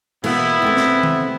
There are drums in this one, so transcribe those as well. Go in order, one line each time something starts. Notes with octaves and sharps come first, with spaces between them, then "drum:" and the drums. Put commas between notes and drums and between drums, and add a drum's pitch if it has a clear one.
B2 E3 A#3 B3 E4, drum: cymbal
C3 A3 C4
drum: snare
drum: tom